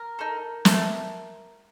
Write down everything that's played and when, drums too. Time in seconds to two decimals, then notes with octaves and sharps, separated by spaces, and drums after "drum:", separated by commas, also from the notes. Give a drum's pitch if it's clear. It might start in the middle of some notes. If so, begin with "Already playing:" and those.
Already playing: A#4
0.19 D#4 A4
0.65 A3, drum: snare